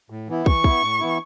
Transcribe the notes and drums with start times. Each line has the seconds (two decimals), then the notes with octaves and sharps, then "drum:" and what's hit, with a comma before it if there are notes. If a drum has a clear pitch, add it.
0.10 A2
0.29 E3 B3 E4
0.46 E3 C#6, drum: kick
0.64 B3 E4, drum: kick
0.82 A2
1.00 E3 B3 E4